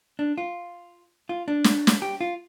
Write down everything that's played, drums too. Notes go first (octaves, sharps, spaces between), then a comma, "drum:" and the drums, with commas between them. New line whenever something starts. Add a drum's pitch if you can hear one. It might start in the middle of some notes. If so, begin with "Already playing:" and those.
D4
F4
F4
D4
drum: snare
drum: snare
G4
F4